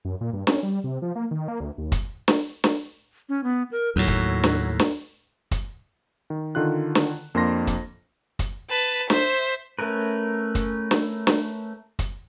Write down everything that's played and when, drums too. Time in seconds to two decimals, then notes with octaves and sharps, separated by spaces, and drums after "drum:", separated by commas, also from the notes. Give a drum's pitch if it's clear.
0.05 F#2
0.21 A#2
0.33 G2
0.47 C#4, drum: snare
0.63 G3
0.84 C3
1.02 F3
1.15 A#3
1.31 D#3
1.48 A#3
1.60 D2
1.78 D#2
1.92 drum: kick, hi-hat
2.28 drum: snare
2.64 drum: snare
3.29 C#4
3.44 B3
3.72 A#4
3.96 D#2 A2 F#3
4.08 drum: kick, hi-hat
4.44 drum: snare
4.79 drum: snare
5.51 drum: kick, hi-hat
6.30 D#3
6.55 D3 D#3 F4 F#6
6.95 drum: snare
7.35 F2 A#3 D4 C6 A#6
7.67 drum: kick, hi-hat
8.39 drum: kick, hi-hat
8.70 B4 A5
9.10 C5 E5, drum: snare
9.79 A3 C#4 A#4 B4
10.55 drum: kick, hi-hat
10.91 drum: snare
11.27 drum: snare
11.99 drum: kick, hi-hat